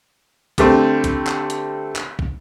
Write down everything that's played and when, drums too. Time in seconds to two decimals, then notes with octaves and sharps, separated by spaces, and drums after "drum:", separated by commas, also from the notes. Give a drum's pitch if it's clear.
0.58 D3 G3 A3 C4, drum: kick, hi-hat
1.04 drum: kick, hi-hat
1.27 drum: clap
1.50 drum: hi-hat
1.96 drum: clap
2.19 drum: kick